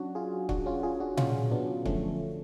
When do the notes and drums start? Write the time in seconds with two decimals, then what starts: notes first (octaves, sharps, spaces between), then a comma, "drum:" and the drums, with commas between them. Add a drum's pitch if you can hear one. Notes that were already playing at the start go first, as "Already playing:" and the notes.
Already playing: F#3 C#4 D4 F#4
0.15 F4 G#4
0.49 D4 F#4, drum: kick C#1
0.66 C#4 F4
0.83 F4 G#4
1.00 D4 F#4
1.17 C#4 F4, drum: tom A#2
1.51 B3 D4
1.85 F#2 D3 F3 A3 C#4, drum: kick C#1